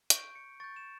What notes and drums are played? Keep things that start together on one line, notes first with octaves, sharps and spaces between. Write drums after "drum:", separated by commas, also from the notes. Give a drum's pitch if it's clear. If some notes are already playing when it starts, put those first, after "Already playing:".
C#6 G6 D7, drum: hi-hat
C#7
C#6 G6 A6
E7